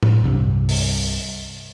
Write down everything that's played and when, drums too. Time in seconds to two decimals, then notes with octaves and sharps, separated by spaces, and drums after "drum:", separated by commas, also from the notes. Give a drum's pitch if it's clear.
0.03 drum: tom A2
0.24 C2 G2 C3
0.69 drum: open hi-hat